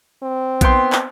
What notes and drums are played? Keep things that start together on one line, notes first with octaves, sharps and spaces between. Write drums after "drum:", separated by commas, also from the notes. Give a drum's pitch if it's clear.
C4
B3 G5 C6, drum: kick A#1, hi-hat
drum: clap